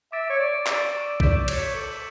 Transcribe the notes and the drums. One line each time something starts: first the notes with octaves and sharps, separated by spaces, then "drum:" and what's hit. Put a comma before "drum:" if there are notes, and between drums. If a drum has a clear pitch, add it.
E5 D6 A6 D7
C#5
D5
D5 C#6 E6 A6 E7, drum: clap
D5 D6 G6 B6 E7, drum: kick
C#5, drum: cymbal
A4 A6 C#7 F#7